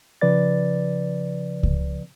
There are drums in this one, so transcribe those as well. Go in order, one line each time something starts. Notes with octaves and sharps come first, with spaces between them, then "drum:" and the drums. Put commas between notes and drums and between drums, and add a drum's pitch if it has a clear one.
C#3 F3 B4 D5 A6
drum: kick C#2